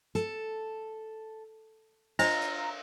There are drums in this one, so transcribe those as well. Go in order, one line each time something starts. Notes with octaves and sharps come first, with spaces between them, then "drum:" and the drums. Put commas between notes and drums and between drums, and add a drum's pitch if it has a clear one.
A4, drum: hi-hat
D4 F4 C5 D#5 A#5, drum: cymbal
drum: hi-hat